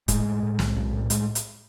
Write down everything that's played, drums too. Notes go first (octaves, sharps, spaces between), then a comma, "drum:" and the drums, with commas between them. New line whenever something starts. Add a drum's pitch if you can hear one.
A2 G#3, drum: kick, hi-hat
A2
A2
B1, drum: snare
B1
A2
G#3, drum: hi-hat
drum: hi-hat